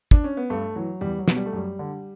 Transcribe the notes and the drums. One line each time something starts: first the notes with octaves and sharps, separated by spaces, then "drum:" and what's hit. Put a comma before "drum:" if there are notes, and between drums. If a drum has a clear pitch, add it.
D4, drum: kick
C#4
B3
G2 A3
E3 F#3
E2 G3
F#3
B2, drum: snare
G3
A3
F#2 G3
D3